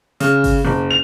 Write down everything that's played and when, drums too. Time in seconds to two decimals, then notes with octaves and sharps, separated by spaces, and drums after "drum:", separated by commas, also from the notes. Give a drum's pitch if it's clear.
0.20 C#3, drum: hi-hat
0.44 drum: kick G1, open hi-hat
0.65 F#1
0.90 F7